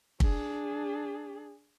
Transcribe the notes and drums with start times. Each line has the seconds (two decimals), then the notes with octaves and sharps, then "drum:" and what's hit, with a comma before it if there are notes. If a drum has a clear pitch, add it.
0.20 D4 G#4, drum: kick